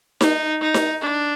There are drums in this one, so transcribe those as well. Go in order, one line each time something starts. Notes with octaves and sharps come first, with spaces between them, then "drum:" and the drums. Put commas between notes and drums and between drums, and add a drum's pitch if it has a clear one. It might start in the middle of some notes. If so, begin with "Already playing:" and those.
D#4, drum: snare D#4
D#4
drum: snare D#4
D4